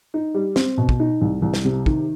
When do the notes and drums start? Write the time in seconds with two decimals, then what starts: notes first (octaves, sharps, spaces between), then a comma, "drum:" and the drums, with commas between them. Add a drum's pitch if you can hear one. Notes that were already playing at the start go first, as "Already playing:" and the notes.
0.14 D#4
0.34 G3
0.56 C4, drum: snare
0.77 B2
0.89 drum: kick
1.00 D#4
1.21 C2
1.42 C2
1.54 drum: snare
1.65 C3
1.86 D#3, drum: kick